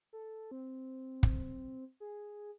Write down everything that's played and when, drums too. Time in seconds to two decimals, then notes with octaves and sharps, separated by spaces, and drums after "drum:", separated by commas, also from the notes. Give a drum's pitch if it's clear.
0.13 A4
0.51 C4
1.23 drum: kick
2.00 G#4